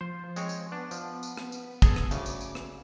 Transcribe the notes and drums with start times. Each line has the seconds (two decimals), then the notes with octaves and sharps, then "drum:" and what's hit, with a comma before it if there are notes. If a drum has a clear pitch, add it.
0.01 F3 C5
0.36 G#3 C4 C#5, drum: tambourine
0.49 drum: tambourine
0.72 B3 D4
0.91 F3, drum: tambourine
1.23 drum: tambourine
1.37 drum: rim click
1.52 drum: tambourine
1.82 G#4 A4, drum: kick, tambourine
1.96 drum: rim click
2.11 D2 C#3 D6, drum: tambourine
2.26 drum: tambourine
2.41 drum: tambourine
2.55 drum: rim click